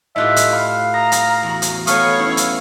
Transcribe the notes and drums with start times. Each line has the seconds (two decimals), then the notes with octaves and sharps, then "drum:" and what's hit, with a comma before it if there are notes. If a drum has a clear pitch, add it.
0.16 A2 F4 G4 D#5 E5 F#6
0.36 drum: hi-hat
0.53 F5 B5
0.94 A#5 D#6 A#6
1.12 drum: hi-hat
1.43 E2 F#4
1.62 drum: hi-hat
1.87 A3 B3 C#5 F5 C#6 D#6, drum: hi-hat
2.19 C#4 E4
2.37 drum: hi-hat